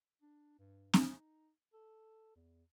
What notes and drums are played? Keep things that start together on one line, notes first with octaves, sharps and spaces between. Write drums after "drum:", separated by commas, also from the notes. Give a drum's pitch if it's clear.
D4
G2
D#4, drum: snare C4
A4
E2